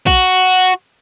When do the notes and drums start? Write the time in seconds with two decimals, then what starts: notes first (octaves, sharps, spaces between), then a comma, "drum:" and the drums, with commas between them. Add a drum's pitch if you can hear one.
0.07 F#4, drum: kick A#1